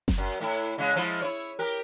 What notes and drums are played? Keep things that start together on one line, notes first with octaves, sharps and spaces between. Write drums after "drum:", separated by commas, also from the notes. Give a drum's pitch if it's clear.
drum: snare F#1
F#2
A2 E4
C#3 G#3
F3 G#3 E4
E4 C#5
G4 A#4